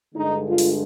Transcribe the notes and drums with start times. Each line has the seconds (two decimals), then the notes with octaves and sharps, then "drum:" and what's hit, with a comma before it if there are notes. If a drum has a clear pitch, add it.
0.14 G2 D3 G#3 D#4
0.46 F4
0.58 drum: open hi-hat